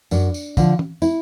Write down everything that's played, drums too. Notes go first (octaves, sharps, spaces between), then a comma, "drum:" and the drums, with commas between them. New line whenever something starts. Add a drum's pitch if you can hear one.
F#2 D4, drum: tambourine
drum: tambourine
D3 F3, drum: kick, tambourine
drum: tom E3
E4, drum: tambourine